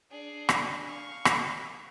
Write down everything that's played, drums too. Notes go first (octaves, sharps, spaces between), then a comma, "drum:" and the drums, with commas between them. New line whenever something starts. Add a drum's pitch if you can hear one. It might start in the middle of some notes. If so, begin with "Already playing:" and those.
D4 G#4
drum: rim click
F5 C#6
drum: rim click